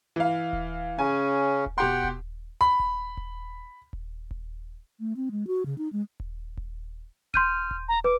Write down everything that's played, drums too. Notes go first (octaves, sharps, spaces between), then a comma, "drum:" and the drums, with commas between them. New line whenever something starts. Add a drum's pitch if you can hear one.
E3 F5
drum: kick D#1
C#3 C#4 G#5
drum: kick D#1
B2 G4 F#5 G5 C6
drum: kick D#1
B5
drum: kick D#1
drum: kick D#1
drum: kick D#1
drum: kick D#1
A3
C4
G#3
F#4
C#3
D#4
G#3
drum: kick D#1
drum: kick D#1
C6 F6 G6 D#7, drum: kick D#1
drum: kick D#1
A#5
B4 D6